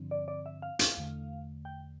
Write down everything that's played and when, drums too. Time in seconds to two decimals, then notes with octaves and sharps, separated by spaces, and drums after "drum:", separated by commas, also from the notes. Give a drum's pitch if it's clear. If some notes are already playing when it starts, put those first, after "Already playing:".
Already playing: G2 D3 F3 C4
0.11 D5
0.28 D5
0.46 E5
0.62 F5
0.79 F5, drum: hi-hat
0.97 E2 D3 A3
1.65 G5